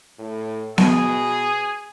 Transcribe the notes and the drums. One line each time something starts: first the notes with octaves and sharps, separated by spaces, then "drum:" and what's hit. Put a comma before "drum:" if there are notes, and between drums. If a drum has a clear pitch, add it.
A2
B2 G#4, drum: snare B3